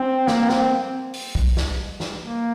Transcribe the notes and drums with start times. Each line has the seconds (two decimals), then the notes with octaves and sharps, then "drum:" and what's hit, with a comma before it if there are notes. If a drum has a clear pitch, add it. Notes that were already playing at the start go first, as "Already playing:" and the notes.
Already playing: C4
0.27 A#3, drum: snare
0.49 C4, drum: snare
1.14 drum: open hi-hat
1.35 drum: kick B1
1.57 drum: snare
2.00 drum: snare
2.22 A#3